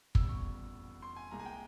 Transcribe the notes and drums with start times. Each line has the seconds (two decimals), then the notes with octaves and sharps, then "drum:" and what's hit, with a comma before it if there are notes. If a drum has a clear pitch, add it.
0.15 F1 E2 C#3 G3 E6, drum: kick
0.29 C#6
1.02 C6
1.16 G#5
1.31 C2 A#2 G#3 A#5
1.39 G#5
1.46 G5